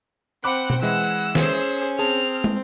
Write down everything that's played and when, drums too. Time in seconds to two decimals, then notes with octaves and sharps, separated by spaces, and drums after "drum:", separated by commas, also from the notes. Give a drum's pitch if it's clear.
0.44 C4 F#5 B5 D6 F#6
0.70 drum: tom B2
0.82 E3 G#3 E4 F#5 E6
1.35 C#4 G#4 C5, drum: snare
1.99 C4 G#4 A5 F6
2.44 drum: tom